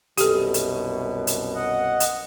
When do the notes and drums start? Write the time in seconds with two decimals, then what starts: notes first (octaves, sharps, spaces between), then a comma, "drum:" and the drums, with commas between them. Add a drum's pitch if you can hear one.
0.17 C2 F#2 B2 G4 A4, drum: hi-hat
0.54 drum: hi-hat
1.27 drum: hi-hat
1.55 D#5 F#5
2.00 drum: hi-hat